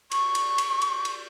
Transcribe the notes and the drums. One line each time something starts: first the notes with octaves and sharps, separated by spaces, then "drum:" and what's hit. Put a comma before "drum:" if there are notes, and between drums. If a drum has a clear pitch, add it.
C#6, drum: cymbal
drum: cymbal
drum: cymbal
drum: cymbal
drum: cymbal